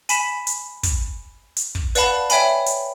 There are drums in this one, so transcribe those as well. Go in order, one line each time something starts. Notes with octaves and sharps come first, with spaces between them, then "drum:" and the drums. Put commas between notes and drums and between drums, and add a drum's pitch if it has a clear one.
G#5 B5 B6 E7, drum: hi-hat
drum: hi-hat
drum: kick, hi-hat
drum: hi-hat
drum: kick
B4 D5 F5 F#5 A5 B5, drum: hi-hat
C#5 E5 G5 G#5 B5, drum: hi-hat
drum: hi-hat